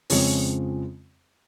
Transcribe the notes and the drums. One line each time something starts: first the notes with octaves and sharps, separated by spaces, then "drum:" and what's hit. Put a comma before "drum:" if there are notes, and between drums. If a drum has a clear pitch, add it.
F2 C#3 F3 G#3 C4 C#5, drum: open hi-hat